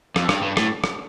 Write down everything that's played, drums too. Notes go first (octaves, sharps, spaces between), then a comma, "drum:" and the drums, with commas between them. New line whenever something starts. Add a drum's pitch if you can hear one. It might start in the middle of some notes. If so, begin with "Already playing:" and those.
F2, drum: rim click
G2, drum: rim click
G2
A2, drum: rim click
drum: rim click